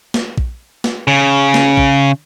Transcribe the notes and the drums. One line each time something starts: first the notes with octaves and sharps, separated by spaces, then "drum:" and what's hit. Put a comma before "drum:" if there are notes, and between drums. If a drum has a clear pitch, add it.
drum: snare
drum: kick A#1
drum: snare
C#3
drum: snare
drum: kick A#1